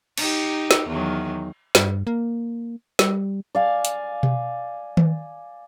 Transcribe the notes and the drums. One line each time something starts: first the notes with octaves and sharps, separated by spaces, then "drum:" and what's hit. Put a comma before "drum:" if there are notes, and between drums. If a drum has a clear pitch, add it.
D#4 G4, drum: cymbal
drum: snare
E2 D#3 F#3
G2, drum: snare
A#3
G3, drum: snare
D5 F5 G#5
drum: hi-hat
drum: tom B2
drum: tom D#3